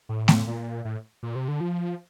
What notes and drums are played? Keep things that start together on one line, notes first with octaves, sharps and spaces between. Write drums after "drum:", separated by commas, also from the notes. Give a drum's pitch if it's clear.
A2
drum: snare A3
A#2
A2
A#2
C3
D3
F3